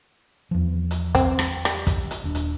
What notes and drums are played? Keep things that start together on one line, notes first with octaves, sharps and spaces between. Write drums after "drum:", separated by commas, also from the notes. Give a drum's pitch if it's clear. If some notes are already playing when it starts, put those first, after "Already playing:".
E2 F3
drum: hi-hat
C4, drum: kick, hi-hat
drum: rim click
G3, drum: rim click
drum: kick, hi-hat
drum: hi-hat
D#1 D4
drum: hi-hat